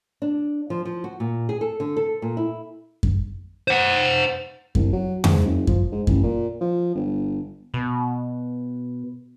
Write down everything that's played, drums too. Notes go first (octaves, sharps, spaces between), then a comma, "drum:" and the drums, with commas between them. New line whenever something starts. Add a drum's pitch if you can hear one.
D4
F3
F3
F#4
A#2
G#4
A4
D3
A4
A#2
E4
drum: kick F#2
C5 F#5
C2, drum: kick F#2
F#3
G#2, drum: tom F2
F#1
F3, drum: kick F#2
G#2
A1, drum: kick F#2
A#2
F3
G1
B2 B3